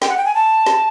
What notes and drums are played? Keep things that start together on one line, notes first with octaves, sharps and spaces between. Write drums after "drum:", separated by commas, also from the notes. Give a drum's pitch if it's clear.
G5, drum: snare
F#5
G5
G#5
A5
drum: snare